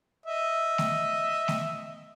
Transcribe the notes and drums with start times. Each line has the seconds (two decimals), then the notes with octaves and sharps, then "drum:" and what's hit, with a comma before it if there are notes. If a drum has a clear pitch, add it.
0.26 D#5 E5
0.78 drum: snare A3
1.48 drum: snare A3